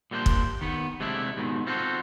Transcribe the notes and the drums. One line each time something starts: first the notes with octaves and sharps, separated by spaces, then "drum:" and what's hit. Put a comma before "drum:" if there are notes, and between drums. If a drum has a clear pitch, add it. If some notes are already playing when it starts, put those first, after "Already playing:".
A#2 G3 A#3 D4 C5
drum: kick
D#3 B3
C3 G#3 A3 D4 E4
G#2 B2 D#3
C4 F4 F#4 A4 A#4 C5